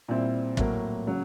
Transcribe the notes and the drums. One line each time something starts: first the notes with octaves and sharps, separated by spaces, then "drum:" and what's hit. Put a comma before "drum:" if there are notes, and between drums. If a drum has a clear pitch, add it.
A#2 G3 C4 E4
A2 F#3 A#3, drum: kick
C#3 F#3